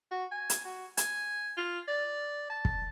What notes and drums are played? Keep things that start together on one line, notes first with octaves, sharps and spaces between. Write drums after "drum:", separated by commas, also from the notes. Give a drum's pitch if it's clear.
F#4
G#5
drum: hi-hat
F#4
G#5, drum: hi-hat
F4
D5
A5
drum: kick